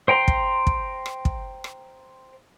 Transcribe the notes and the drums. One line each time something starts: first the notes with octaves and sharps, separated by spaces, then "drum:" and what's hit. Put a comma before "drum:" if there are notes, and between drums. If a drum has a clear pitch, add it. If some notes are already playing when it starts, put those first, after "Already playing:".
C5 G5 A#5 C6
drum: kick
drum: kick
drum: rim click
drum: kick
drum: rim click